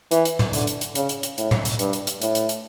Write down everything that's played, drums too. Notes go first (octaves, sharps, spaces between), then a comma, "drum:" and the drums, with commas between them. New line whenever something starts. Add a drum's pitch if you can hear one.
E3, drum: hi-hat
drum: hi-hat
drum: tom A2
D3, drum: hi-hat
drum: hi-hat
drum: hi-hat
C#3, drum: hi-hat
drum: hi-hat
drum: hi-hat
A2, drum: hi-hat
drum: tom A2
drum: hi-hat
G2, drum: hi-hat
drum: hi-hat
drum: hi-hat
A2, drum: hi-hat
drum: hi-hat
drum: hi-hat